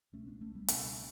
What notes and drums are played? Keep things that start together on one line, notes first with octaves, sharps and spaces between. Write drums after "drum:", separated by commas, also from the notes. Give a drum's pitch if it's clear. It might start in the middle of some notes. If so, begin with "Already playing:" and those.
C#2 B2 A3 C#4
B3 D4
A3 C#4
G3 B3
C#2 B2 B3 D4, drum: hi-hat